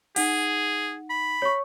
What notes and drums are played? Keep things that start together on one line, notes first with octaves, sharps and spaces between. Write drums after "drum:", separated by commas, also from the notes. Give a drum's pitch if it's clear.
D#4 G#4 F#5, drum: open hi-hat
B5
C#5 C#6